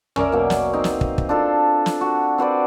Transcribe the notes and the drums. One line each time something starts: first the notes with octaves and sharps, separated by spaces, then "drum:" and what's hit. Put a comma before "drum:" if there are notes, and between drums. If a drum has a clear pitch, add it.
C#4 A#4 D5 E5, drum: tom
B2 F#3 A#3
drum: snare
C4 D#4
drum: snare
drum: kick
drum: kick
D4 F4 A4 C6
drum: snare
F#4
C4 F#4 B4 D5